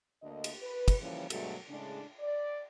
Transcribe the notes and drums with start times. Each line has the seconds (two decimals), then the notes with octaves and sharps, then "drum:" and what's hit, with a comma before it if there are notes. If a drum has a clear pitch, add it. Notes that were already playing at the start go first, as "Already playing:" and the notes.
0.22 D2 D3 A#3 D4 D#5
0.44 drum: cymbal
0.62 B4
0.88 drum: kick, cymbal
1.01 C#3 E3 F3 G3 A#3 C#4
1.30 D2 G2 B2 F#3 G#3 A3, drum: cymbal
1.69 A2 C#3 G#3 D4
2.20 D5